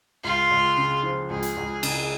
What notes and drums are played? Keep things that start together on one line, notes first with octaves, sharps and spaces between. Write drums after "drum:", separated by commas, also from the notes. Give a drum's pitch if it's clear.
C#2 F4
C#2
C#3
F3
C#2 G#4
drum: hi-hat
C#2
C#3, drum: cymbal